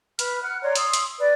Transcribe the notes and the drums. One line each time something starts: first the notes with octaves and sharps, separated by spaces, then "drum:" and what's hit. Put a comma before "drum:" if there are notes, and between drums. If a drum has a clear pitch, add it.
B4 B5 F6, drum: hi-hat
F#5 F6 F#6
C#5 D5 A#5 C6
C6 D#6 E6, drum: hi-hat
drum: hi-hat
B4 D5